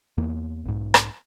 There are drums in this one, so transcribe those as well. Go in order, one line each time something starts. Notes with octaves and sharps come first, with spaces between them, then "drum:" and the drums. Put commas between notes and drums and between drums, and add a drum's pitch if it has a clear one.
E2 A#3
B1 G#2
drum: rim click